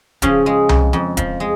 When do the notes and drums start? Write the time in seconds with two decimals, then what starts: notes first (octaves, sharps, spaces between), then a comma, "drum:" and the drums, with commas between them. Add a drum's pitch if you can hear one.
0.22 C#3 F3 C#4, drum: kick D1, hi-hat
0.46 G#3
0.69 F2, drum: tom C2
0.93 F2
1.17 F3, drum: kick D1, hi-hat
1.40 G#3